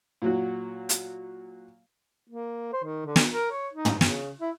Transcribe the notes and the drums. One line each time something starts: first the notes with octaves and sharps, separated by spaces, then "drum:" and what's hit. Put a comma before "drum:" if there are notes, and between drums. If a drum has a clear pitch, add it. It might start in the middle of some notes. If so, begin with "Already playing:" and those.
A#2 F#3 F#4
drum: hi-hat
A#3
C5
D#3
D3
drum: snare
A#4
C#5
D#4
drum: tom
C#3, drum: snare
E4